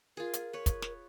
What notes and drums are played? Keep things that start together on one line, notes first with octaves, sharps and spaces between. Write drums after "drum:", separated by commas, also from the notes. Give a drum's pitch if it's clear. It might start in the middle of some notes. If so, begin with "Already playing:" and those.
F4 G#4 A#4
drum: hi-hat
B4 C#5
drum: kick, hi-hat
drum: snare